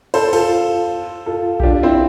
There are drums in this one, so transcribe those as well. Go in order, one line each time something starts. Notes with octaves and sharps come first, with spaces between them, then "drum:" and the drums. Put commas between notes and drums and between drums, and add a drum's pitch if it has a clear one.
A4 C5, drum: cymbal
F4 A4, drum: cymbal
F4 A4
G4, drum: kick A#1
D4 F4
C4 E4